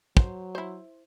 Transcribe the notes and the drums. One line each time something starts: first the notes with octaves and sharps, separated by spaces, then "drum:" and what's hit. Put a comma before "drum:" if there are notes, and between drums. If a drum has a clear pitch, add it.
F#3 C5, drum: kick
E4 C5